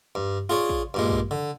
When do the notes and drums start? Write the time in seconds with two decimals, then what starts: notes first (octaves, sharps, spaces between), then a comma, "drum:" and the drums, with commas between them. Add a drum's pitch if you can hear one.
0.15 G2
0.49 F4 G#4 C#5 D5
0.69 drum: kick
0.94 G2 A#2 G#3
1.09 drum: kick
1.31 D3